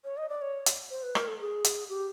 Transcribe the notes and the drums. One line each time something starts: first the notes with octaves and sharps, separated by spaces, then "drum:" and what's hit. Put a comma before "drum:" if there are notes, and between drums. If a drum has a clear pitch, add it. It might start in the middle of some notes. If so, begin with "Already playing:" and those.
C#5
D#5
D5
C#5
drum: hi-hat
C5
B4
A#4, drum: rim click
A4
G#4
drum: hi-hat
G4